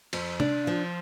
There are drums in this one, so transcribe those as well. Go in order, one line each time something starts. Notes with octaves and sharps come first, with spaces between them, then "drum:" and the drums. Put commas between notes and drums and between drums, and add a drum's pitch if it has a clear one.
F2, drum: cymbal
D4, drum: tom C3
F3